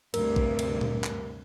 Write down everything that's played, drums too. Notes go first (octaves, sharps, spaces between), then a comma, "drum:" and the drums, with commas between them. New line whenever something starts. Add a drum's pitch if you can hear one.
D2 G2 C3 A#4, drum: cymbal
drum: kick A#1
drum: cymbal
drum: tom A#2
drum: clap